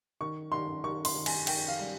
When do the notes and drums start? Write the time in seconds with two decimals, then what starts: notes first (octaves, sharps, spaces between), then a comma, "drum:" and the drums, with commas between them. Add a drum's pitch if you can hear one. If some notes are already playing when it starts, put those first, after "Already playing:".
0.21 D#3 C#6
0.52 D#3 C6
0.84 D#3 C#6
1.05 C6, drum: open hi-hat
1.15 D#3
1.26 G#5, drum: cymbal
1.47 D#3 G5, drum: cymbal
1.68 F5
1.79 G3